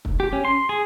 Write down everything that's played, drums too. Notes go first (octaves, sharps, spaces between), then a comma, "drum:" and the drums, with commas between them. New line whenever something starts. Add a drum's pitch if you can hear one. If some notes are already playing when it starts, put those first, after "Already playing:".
drum: kick
G4
C#4
C6
G#4